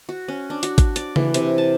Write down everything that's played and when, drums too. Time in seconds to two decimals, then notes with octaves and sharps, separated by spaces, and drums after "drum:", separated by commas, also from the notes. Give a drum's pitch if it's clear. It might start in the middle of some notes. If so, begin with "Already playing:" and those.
0.09 F#4
0.28 C#4
0.50 D4
0.63 F#4, drum: hi-hat
0.78 drum: kick G#1, hi-hat
0.96 D5, drum: hi-hat
1.16 E3, drum: tom C#3
1.34 C3, drum: hi-hat
1.58 A5